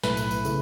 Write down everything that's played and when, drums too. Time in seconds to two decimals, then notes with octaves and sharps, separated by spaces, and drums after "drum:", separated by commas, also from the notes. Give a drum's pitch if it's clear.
0.03 B1 A2 A3 E4 B4, drum: snare
0.17 drum: tambourine
0.31 drum: tambourine
0.45 C#3 A3, drum: tambourine